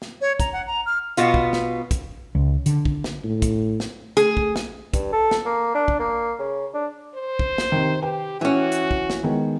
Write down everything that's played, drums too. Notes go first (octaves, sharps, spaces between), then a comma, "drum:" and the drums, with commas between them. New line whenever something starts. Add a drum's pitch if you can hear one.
drum: snare
C#5
A#5, drum: kick, hi-hat
F#5
A#5
F6
B2 B3 F4, drum: hi-hat
drum: kick
drum: snare
drum: kick, hi-hat
C#2
D3, drum: hi-hat
drum: kick
drum: snare
A2
drum: kick, hi-hat
drum: snare
A3 G#4, drum: hi-hat
drum: kick
drum: snare
G2, drum: kick, hi-hat
A4
drum: snare
A#3
D4
drum: kick
A#3
C#3
D4
C5
drum: kick
drum: snare
C3 D#3
G4 B4 G5
E3 C#4 F#4
drum: hi-hat
drum: kick
drum: snare
D#3 G#3 B3